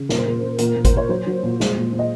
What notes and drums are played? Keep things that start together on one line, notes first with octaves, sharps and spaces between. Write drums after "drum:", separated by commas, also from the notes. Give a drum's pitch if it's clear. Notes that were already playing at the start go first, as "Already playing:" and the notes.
Already playing: C#3
A#2 A#4, drum: snare
C5
A#2 A#4
A#2
A#2 A#4, drum: hi-hat
A#2
C5, drum: kick G#1, hi-hat
A#2 C#5
F#3 C5
F#3
A#2
G#3, drum: snare
A#2
A#2
D#5